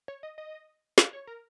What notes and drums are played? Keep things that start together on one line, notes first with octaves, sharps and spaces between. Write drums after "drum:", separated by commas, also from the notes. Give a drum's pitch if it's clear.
C#5
D#5
D#5
F5, drum: snare
C#5
A#4